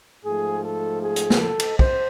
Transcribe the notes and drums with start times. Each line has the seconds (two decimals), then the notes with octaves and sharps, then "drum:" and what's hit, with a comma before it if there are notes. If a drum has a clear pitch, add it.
0.24 G#2 F3 A3 G#4
0.64 A4
1.02 G#4
1.16 drum: hi-hat
1.30 drum: snare
1.41 A4
1.60 drum: cymbal
1.79 C5, drum: kick